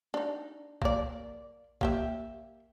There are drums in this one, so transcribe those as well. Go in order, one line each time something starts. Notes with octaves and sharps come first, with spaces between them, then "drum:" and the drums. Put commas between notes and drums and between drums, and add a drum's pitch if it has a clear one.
D4 D#4
A#3 D5, drum: kick A#1
A#3 G4 E5, drum: kick A#1